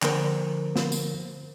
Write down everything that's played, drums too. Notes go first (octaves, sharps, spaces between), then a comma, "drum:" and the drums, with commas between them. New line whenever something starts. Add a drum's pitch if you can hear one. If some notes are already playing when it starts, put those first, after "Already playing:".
D3 F3 A#3 A#4 C5, drum: clap
drum: snare
drum: tambourine